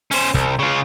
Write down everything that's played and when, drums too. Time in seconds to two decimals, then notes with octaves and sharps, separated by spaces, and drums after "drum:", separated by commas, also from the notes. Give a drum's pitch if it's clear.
0.11 C#4 C5, drum: open hi-hat
0.34 C2, drum: kick
0.59 C#3 F4